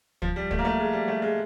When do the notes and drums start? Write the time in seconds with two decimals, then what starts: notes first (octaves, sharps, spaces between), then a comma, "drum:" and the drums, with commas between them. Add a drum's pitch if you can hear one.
0.22 F3, drum: kick
0.36 G3
0.51 A3, drum: kick
0.59 A#3
0.65 A3
0.79 G#3
0.93 G3
1.08 A3
1.22 G#3